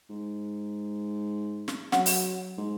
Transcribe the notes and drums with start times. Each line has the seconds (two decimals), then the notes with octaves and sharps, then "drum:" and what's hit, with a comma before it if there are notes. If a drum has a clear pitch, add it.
0.10 G#2
1.68 drum: snare
1.92 F#3 F#5, drum: snare
2.06 drum: open hi-hat
2.57 G#2